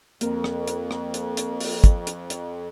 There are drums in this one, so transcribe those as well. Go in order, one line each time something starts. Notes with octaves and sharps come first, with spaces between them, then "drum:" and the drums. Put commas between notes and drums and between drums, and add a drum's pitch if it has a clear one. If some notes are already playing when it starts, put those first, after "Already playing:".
F2 A#3 C4 A#4, drum: hi-hat
drum: rim click
drum: hi-hat
drum: rim click
drum: hi-hat
drum: hi-hat
drum: open hi-hat
drum: kick, hi-hat
drum: hi-hat
drum: hi-hat